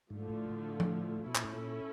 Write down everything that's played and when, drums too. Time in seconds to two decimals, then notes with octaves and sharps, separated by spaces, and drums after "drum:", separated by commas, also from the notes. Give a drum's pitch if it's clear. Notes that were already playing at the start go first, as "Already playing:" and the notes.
0.10 G#2 D3 F3 A3
0.30 A2
0.49 A2
0.80 drum: tom F3
1.26 B2 C#4 E4 A4
1.35 A#2, drum: clap
1.44 A2
1.53 A#2